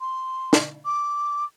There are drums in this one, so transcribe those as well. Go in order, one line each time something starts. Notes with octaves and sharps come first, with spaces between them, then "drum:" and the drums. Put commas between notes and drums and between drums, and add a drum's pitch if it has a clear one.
C6
drum: snare
D6